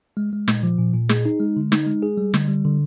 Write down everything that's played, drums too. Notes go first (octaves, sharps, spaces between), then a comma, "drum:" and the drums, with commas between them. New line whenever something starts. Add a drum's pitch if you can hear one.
G#3
G#3
A#2, drum: snare
F3
A#2
A#2
G#4, drum: snare
D#4
G#3
D3
D#4, drum: snare
G#3
G#4
G3
D3, drum: snare
G3
D3